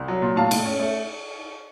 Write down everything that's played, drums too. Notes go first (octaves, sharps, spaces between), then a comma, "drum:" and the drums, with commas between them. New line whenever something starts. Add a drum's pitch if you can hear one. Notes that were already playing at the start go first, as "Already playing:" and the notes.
Already playing: C2
F#3
A#2
A2 F5 A5
A2, drum: cymbal
C#4
A3